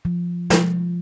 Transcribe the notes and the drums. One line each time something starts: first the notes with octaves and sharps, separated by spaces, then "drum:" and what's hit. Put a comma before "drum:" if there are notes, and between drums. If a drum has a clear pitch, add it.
F3
F3, drum: snare